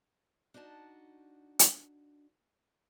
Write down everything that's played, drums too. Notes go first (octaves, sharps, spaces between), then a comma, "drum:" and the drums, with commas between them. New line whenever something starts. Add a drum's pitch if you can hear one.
D4 D#4 F#4 C5 A5
drum: hi-hat